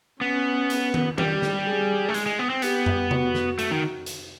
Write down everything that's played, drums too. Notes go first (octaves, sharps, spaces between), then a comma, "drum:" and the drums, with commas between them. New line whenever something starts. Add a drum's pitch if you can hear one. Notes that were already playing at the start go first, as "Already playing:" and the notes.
B3 C#4
drum: hi-hat
drum: tom D#3
G3 G4, drum: tom D#3
drum: snare
G#4
A3
G#3, drum: hi-hat
G#3
B3
C4
B3 G4, drum: hi-hat
drum: tom F2
F#4, drum: tom C3
drum: snare
A3, drum: hi-hat
D#3
drum: hi-hat